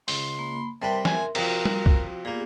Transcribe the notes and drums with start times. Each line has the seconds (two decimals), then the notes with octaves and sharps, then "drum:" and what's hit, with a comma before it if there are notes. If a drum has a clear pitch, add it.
0.08 C#2 C6, drum: open hi-hat
0.39 A#3 B5
0.82 C3 G3 A#4 B4 E5 A5 C6
1.05 G#5, drum: snare
1.35 C3 F3 F#4 A#4, drum: cymbal
1.65 drum: tom G3
1.86 drum: kick
2.25 A#2 A#3 B3 G4 G#4